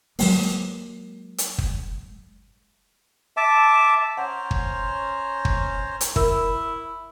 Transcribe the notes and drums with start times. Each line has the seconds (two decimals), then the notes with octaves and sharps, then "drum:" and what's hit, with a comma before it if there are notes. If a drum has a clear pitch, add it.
0.19 F#3 G#3 A#3, drum: open hi-hat
1.38 drum: hi-hat
1.58 drum: kick
3.37 E5 A5 D6
4.17 C#4 C5 F#5 A#5
4.51 drum: kick
5.45 drum: kick
6.01 drum: hi-hat
6.16 E4 A#4 E6, drum: kick